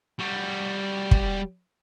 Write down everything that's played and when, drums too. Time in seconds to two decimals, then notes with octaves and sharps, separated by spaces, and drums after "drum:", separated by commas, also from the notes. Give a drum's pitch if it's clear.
0.19 G3 F#4
1.11 drum: kick